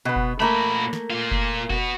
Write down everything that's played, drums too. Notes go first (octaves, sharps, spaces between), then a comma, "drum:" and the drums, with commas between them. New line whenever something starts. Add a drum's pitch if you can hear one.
B2 B3
drum: kick F1
A#2 A3 A#3 A#4 B5
drum: snare
A#2 F4
drum: kick F1
B3 F#4, drum: kick F1